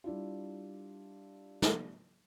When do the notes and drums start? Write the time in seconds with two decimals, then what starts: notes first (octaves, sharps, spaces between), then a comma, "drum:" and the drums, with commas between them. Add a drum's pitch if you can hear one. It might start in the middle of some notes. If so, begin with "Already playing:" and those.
0.04 G3 D4 E4 F4
1.62 drum: snare